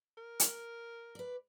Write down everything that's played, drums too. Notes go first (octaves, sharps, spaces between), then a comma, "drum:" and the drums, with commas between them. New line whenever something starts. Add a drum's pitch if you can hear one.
A#4
drum: hi-hat
B4 D5